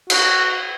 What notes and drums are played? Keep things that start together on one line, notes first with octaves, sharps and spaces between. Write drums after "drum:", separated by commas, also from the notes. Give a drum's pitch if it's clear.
F#4, drum: cymbal